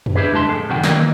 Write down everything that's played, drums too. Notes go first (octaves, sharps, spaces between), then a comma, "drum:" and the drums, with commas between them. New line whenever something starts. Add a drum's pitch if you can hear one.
drum: tom
D4 E4 G4 G#4 B4
C#2 G#3 D4 A5 C6
F2 A2 G#4 A4
F#2 C3 D#3 F#4 C#5 G5
C2 D#3 E3 A#3 D#4, drum: snare